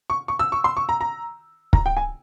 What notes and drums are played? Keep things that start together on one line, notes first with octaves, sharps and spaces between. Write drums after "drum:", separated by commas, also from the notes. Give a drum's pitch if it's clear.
C#6
C#6
E6
C#6
C6
C#6
A#5
A#5
A#5, drum: kick
G5
G#5